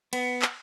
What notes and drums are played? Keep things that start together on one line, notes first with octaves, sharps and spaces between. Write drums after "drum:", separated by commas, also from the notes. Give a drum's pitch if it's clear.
B3, drum: cymbal
drum: clap